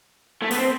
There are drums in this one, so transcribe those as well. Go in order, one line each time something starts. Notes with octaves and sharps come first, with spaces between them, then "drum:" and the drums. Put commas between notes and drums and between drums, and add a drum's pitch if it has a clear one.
A3
B3, drum: open hi-hat
C4